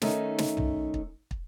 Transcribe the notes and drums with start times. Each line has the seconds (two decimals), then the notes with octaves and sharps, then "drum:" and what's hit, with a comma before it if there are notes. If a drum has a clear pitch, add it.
0.02 D#3 A3 C#4 D#4, drum: snare
0.38 drum: snare
0.57 drum: tom
0.94 drum: kick
1.31 drum: kick